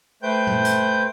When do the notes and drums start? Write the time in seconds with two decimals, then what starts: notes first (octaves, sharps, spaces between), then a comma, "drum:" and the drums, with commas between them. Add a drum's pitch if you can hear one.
0.23 A3 B4 C5 G5 G6
0.47 drum: tom
0.65 drum: hi-hat